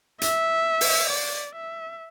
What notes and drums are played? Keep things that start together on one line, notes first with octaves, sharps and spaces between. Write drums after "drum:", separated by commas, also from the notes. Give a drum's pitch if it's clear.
E5, drum: hi-hat
drum: open hi-hat
D5
E5